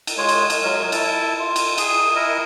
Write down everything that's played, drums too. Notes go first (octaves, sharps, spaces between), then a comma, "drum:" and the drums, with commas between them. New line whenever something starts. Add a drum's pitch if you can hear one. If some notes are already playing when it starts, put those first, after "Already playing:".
drum: cymbal
G#3 F4 C#5
drum: cymbal
drum: cymbal
F#3 G#3 A#4 C#5
E4 A5, drum: cymbal
F4
drum: cymbal
G#4, drum: cymbal
E4 A#4 D#5